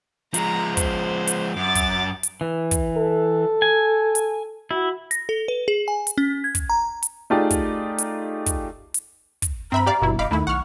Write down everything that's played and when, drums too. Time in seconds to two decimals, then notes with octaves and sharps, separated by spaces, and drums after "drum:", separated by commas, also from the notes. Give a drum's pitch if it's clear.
0.34 F3 G#3 A#5, drum: hi-hat
0.77 C5, drum: kick, hi-hat
1.27 drum: hi-hat
1.56 F#2 D6 A6
1.75 drum: kick, hi-hat
2.23 drum: hi-hat
2.41 E3
2.71 drum: kick, hi-hat
2.97 A4
3.62 G#5
4.15 drum: hi-hat
4.71 E4 F#4
5.11 A#6, drum: hi-hat
5.29 A4
5.48 B4
5.68 G#4
5.88 G#5
6.07 drum: hi-hat
6.18 C#4
6.44 G#6
6.55 drum: kick, hi-hat
6.70 A#5
7.03 drum: hi-hat
7.30 A3 D#4 F4 G4 G#4 D5
7.50 drum: kick, hi-hat
7.98 drum: hi-hat
8.46 drum: kick, hi-hat
8.94 drum: hi-hat
9.42 drum: kick, hi-hat
9.72 G2 C4 E5 A#5 B5
9.86 G4 D5 F5
10.02 G1 G2 B2 E4
10.19 F1 D#5 F5 B5 D6
10.31 D#2 D#3 A3 E4 B5
10.47 B1 F#5 C#6 F6